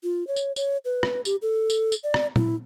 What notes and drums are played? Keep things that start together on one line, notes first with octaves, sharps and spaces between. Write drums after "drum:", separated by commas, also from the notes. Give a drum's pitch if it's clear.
F4
C#5
drum: tambourine
C#5, drum: tambourine
B4
drum: rim click
G4, drum: tambourine
A4
drum: tambourine
drum: tambourine
D5
drum: rim click
E4, drum: tom A#2